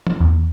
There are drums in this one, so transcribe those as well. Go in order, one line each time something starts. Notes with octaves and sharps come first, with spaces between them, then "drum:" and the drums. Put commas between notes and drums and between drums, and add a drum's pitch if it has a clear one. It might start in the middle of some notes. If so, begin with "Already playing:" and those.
drum: tom
E2